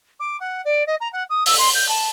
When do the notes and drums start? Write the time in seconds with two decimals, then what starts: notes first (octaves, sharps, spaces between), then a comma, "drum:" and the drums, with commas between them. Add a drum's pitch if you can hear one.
0.19 D6
0.40 F#5
0.65 D5
0.87 D#5
1.00 A#5
1.12 F#5
1.29 D#6
1.46 E6, drum: open hi-hat
1.58 C6
1.74 G6
1.88 A5